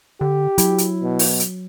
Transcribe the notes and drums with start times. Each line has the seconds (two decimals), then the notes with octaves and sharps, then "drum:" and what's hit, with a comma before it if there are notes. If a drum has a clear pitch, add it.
0.21 D3 G4
0.58 F#3 E4, drum: hi-hat
0.78 drum: hi-hat
1.03 B2
1.19 drum: open hi-hat
1.40 drum: hi-hat